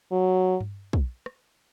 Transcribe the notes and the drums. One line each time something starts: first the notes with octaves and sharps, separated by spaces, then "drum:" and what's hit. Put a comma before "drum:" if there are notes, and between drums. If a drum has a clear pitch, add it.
F#3
drum: tom G2
drum: kick
drum: rim click